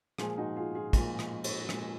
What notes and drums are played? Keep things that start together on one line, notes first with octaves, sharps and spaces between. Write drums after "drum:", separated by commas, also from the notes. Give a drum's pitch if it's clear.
A#2 F3 G#3 F4 G#4, drum: rim click
D#4 F#4
F4 G#4
F4 G#4
A#2 F3 G#3 F4 G#4, drum: kick, cymbal
drum: rim click
drum: cymbal
A#2 F3 G#3, drum: rim click